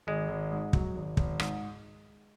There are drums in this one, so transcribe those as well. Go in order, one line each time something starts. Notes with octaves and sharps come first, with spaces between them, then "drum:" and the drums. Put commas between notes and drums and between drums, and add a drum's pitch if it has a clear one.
G#1 G#3
G#1
G#2
F#3, drum: kick
G#1
G#1, drum: kick
G#2, drum: rim click